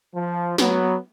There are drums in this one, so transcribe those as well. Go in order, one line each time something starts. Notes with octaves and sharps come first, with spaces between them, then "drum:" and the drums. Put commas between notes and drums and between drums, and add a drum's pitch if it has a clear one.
F3
F#3 B3, drum: snare